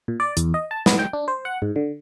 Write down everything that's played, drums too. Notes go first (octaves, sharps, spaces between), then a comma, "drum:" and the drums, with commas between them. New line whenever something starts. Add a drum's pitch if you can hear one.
A#2
D5
E2, drum: hi-hat
D#5
A5
B3, drum: snare
G5
D4
C5
F#5
G#2
D3